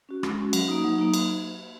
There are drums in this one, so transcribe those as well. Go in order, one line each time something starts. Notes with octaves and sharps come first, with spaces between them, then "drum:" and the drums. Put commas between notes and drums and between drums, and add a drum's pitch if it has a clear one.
C#4 F#4
G#3, drum: rim click
C#4 F#4
F#3, drum: cymbal
A#3 D#4
F#3
A#3 D#4
drum: cymbal